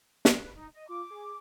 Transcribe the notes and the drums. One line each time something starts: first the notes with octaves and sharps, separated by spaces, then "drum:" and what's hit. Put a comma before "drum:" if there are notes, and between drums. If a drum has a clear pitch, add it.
B4, drum: snare
D#4
D#5
F4 D6
G#4